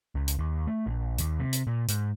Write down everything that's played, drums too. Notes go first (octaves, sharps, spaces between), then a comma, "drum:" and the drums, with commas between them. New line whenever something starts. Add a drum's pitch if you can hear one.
C#2
drum: hi-hat
D#2
A3
A#1
D#2, drum: hi-hat
C3
drum: hi-hat
A#2
G#2, drum: hi-hat